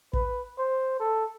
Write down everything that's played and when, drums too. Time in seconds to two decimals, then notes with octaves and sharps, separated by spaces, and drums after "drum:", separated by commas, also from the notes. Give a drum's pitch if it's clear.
0.13 B4, drum: kick
0.59 C5
1.00 A4